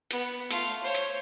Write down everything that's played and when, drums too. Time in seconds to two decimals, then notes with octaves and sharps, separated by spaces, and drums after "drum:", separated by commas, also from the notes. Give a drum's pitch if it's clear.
0.11 B3, drum: hi-hat
0.51 A3 F4, drum: hi-hat
0.83 C5 C#5
0.95 drum: hi-hat